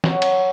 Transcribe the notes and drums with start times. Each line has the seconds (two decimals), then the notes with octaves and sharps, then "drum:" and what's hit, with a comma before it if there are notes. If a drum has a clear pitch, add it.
0.04 F#3, drum: snare
0.22 drum: cymbal